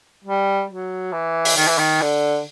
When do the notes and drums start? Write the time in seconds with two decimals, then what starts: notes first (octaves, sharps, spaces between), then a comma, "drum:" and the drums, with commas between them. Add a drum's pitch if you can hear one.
0.24 G3
0.70 F#3
1.13 E3
1.45 drum: open hi-hat
1.57 D#3
1.68 E3
1.78 D#3
2.02 D3